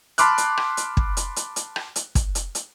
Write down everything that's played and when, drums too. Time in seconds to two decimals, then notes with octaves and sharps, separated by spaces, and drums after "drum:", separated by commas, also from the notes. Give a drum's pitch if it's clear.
0.18 A5 B5 C6 D6 F6 F#6, drum: hi-hat
0.38 drum: hi-hat
0.57 drum: rim click
0.77 drum: hi-hat
0.97 drum: kick
1.17 drum: hi-hat
1.36 drum: hi-hat
1.56 drum: hi-hat
1.76 drum: rim click
1.96 drum: hi-hat
2.15 drum: kick, hi-hat
2.35 drum: hi-hat
2.55 drum: hi-hat